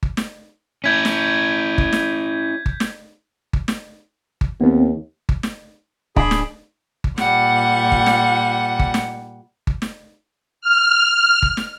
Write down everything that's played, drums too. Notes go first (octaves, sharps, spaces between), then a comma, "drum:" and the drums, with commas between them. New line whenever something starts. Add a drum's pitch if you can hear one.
drum: kick G1
drum: snare
C#4 E4 G6 G#6 B6
drum: snare
drum: kick G1
drum: snare
drum: kick G1
drum: snare
drum: kick G1
drum: snare
drum: kick G1
D#2 B3 C4
drum: kick G1
drum: snare
D1 D4 G#4 B5, drum: kick G1
drum: snare
drum: kick G1
A#2 G3 F#5, drum: snare
drum: kick G1
drum: snare
drum: kick G1
drum: snare
drum: kick G1
drum: snare
F6
drum: kick G1
drum: snare